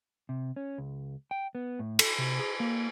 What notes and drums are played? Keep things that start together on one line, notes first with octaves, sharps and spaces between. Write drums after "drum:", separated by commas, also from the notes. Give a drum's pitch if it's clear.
C3
C#4
C#2
G5
B3
A2
A4, drum: cymbal
C3
G#4
A#3